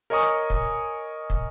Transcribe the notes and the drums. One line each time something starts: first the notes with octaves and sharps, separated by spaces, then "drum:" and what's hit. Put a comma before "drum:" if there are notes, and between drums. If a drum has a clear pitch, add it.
A#4 C#5 D#5 G#5 C#6 D#6
drum: kick
drum: kick